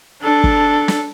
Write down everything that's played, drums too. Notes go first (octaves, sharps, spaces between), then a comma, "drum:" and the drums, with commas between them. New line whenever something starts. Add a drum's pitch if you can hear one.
D4 A4
drum: kick
drum: snare